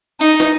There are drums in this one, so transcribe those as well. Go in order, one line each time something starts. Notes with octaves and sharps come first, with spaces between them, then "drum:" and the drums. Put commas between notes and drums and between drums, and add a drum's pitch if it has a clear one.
D#4, drum: hi-hat
drum: snare